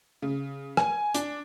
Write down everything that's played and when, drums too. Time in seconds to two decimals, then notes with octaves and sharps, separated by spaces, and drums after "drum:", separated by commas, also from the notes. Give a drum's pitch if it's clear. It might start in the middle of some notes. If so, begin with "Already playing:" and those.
0.22 C#3
0.77 G#5, drum: rim click
1.14 D4, drum: hi-hat